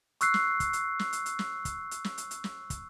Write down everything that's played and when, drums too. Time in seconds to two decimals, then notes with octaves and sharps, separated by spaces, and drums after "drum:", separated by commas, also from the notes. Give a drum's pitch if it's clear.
0.21 C#6 E6 F#6 C7, drum: hi-hat
0.34 drum: snare
0.60 drum: kick, hi-hat
0.73 drum: hi-hat
0.99 drum: snare
1.13 drum: hi-hat
1.26 drum: hi-hat
1.39 drum: snare
1.65 drum: kick, hi-hat
1.91 drum: hi-hat
2.04 drum: snare
2.18 drum: hi-hat
2.31 drum: hi-hat
2.44 drum: snare
2.70 drum: kick, hi-hat